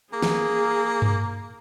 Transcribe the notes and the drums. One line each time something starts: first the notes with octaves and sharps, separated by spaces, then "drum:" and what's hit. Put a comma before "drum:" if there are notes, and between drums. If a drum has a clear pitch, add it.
A#3 G#4
drum: snare
drum: tom G2